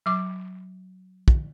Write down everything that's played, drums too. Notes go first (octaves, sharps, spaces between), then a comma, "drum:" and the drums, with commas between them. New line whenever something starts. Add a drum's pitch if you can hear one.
F#3 D6
drum: kick